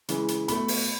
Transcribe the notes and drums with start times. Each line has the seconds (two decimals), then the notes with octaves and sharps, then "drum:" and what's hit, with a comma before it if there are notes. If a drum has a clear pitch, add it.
0.08 C#3 E3 G#3, drum: hi-hat
0.28 drum: hi-hat
0.48 B2 A3 B5, drum: hi-hat
0.68 drum: open hi-hat